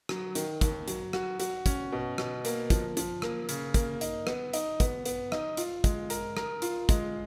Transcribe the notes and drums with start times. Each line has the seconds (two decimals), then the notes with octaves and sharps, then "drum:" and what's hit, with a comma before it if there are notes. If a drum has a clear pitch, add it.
0.09 F#3, drum: rim click
0.35 D#3, drum: hi-hat
0.61 D#2, drum: kick, hi-hat
0.88 F#3, drum: hi-hat
1.13 F#4, drum: rim click
1.40 F#4, drum: hi-hat
1.66 C#4, drum: kick, hi-hat
1.92 B2
2.18 B2, drum: rim click
2.45 A#3, drum: hi-hat
2.70 F3, drum: kick, hi-hat
2.97 F3, drum: hi-hat
3.22 A#3, drum: rim click
3.49 C#3, drum: hi-hat
3.74 A#3, drum: kick, hi-hat
4.01 D#4, drum: hi-hat
4.27 B3, drum: rim click
4.53 D#4, drum: hi-hat
4.80 B3, drum: kick, hi-hat
5.05 B3, drum: hi-hat
5.32 D#4, drum: rim click
5.57 F4, drum: hi-hat
5.84 G#3, drum: kick, hi-hat
6.10 A#4, drum: hi-hat
6.37 A#4, drum: rim click
6.62 F4, drum: hi-hat
6.89 G#3, drum: kick, hi-hat